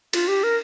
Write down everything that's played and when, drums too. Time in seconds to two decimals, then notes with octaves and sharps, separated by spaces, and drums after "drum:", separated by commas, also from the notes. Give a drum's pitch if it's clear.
0.13 F4, drum: cymbal
0.28 G4
0.43 A#4